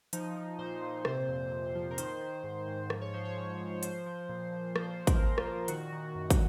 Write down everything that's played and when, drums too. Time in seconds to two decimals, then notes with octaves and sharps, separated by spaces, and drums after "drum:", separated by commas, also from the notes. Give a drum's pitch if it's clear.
0.13 F3 D#4, drum: hi-hat
0.36 F3
0.59 A#2 C5
0.82 A#2
1.05 C3 C5, drum: rim click
1.28 F2
1.52 F2
1.75 F3
1.91 A#4
1.98 D#3 C5, drum: hi-hat
2.21 D#3
2.44 G#2
2.67 G#2
2.90 F3, drum: rim click
3.01 C#5
3.14 F3 C5
3.25 C#5
3.37 G#2
3.61 G#2
3.83 F3 C5, drum: hi-hat
4.06 F3
4.29 A#2
4.52 A#2
4.76 F3 C5, drum: rim click
5.00 F3
5.07 A#4, drum: kick, hi-hat
5.23 A#2
5.38 F4, drum: rim click
5.45 A#2
5.68 D#3 F#4, drum: hi-hat
5.92 D#3
6.15 F#2
6.30 drum: kick, hi-hat